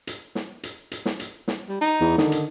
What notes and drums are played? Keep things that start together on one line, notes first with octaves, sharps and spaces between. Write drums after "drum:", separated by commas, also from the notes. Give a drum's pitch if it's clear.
drum: hi-hat
drum: snare
drum: hi-hat
drum: hi-hat
drum: snare
drum: hi-hat
drum: snare
G3
D#4
E2
D3 D#3, drum: snare
drum: hi-hat